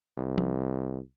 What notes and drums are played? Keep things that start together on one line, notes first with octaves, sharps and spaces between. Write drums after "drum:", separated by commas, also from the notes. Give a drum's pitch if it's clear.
C2
drum: tom F3